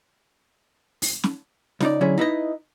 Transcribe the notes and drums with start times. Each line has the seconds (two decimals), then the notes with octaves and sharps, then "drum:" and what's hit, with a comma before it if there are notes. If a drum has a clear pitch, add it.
1.02 drum: open hi-hat
1.24 drum: snare
1.80 C#2 D#4 D5, drum: snare
2.01 D3 F#3 C#4 E4 G#4
2.18 D#4 E4 B4 D#5